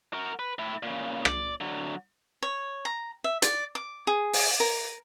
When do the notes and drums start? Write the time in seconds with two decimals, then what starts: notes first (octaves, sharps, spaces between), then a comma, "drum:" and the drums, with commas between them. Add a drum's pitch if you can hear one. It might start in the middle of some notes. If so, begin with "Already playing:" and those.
0.13 F#4 A#4
0.39 B4
0.59 A2 E4
0.83 A#2 C#3
1.25 D5, drum: rim click
1.61 D3 F#3
2.43 C#5
2.85 A#5
3.24 E5
3.42 D5, drum: hi-hat
3.75 D6
4.07 G#4
4.33 drum: open hi-hat
4.60 A#4